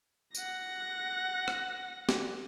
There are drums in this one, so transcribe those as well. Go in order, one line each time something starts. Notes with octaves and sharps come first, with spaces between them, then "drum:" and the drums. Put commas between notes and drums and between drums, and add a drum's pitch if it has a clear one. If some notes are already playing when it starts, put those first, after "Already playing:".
F#5 A#6, drum: tambourine
drum: rim click
drum: snare